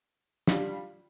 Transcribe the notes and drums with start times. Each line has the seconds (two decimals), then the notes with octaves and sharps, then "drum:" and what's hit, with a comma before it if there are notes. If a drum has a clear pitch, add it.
0.47 G3 D4 F4, drum: snare